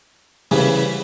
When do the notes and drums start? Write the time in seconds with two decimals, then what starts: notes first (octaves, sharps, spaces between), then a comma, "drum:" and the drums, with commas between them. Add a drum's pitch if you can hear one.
0.51 C#3 E3 G3, drum: open hi-hat